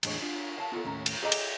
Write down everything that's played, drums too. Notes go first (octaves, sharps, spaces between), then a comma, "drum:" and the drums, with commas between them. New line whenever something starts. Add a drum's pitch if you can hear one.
E2 A2 D3 G#3 C#5, drum: cymbal
D4 F4
F5 A5
B3 F4 F#4 A4
D#2 A2 C#4 A#5
drum: cymbal
G#4 A4 D5 D#5 A#5
drum: cymbal